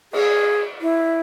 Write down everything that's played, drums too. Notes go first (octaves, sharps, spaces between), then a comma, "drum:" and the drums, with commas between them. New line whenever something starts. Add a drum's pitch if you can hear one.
G#4, drum: cymbal
E4